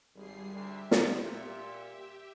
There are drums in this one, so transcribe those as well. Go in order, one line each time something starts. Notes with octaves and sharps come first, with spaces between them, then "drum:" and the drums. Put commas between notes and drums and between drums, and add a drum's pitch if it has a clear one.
G#1 G3 G#4 C7
D2 G4 E5
A#1, drum: snare
A#2